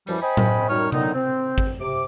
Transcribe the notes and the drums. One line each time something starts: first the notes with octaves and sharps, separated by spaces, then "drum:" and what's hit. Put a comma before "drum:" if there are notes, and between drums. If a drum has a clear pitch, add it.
F#2 E3 F3 G3, drum: hi-hat
C5 D#5 G5 G#5 B5
drum: tom A2
F#2 D#3 G3 D#4 C#5 F6
D3 D#3 F#3 B3 D#4, drum: tom C3
C4
drum: kick G#1
C3 D6